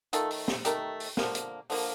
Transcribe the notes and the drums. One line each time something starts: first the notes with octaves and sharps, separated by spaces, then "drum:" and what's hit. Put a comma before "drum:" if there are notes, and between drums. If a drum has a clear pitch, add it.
D#3 A3 F4 A4, drum: hi-hat
drum: open hi-hat
drum: snare
D#3 A3 G4 A#4, drum: hi-hat
drum: open hi-hat
D3 F3 A#3, drum: snare
drum: hi-hat
D3 F3 A#3, drum: open hi-hat